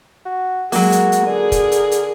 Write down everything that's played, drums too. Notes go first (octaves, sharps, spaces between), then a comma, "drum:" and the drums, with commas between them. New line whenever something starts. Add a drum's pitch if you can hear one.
F#4
F#3 G#3 A#3 F#4, drum: open hi-hat
drum: hi-hat
drum: hi-hat
D3 G#4 A#4
drum: kick, hi-hat
drum: hi-hat
drum: hi-hat